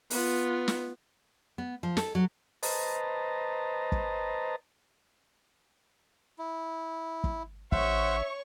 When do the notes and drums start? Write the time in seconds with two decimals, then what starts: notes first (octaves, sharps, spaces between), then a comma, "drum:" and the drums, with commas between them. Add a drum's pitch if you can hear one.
0.10 B3 F4, drum: open hi-hat
0.68 drum: snare
1.58 B3
1.83 F3
1.97 A4, drum: snare
2.15 F#3
2.63 B4 C5 D#5 A5 A#5, drum: open hi-hat
3.92 drum: kick
6.38 E4
7.24 drum: kick
7.72 A1 C5 C#5 E5 F#5 C#6, drum: kick